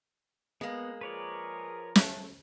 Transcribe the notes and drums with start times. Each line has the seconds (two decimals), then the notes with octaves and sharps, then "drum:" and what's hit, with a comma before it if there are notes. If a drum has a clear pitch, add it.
0.61 G#3 A#3 B3
1.01 F3 G#4 A#4 B4 C#5 D5
1.96 A3, drum: snare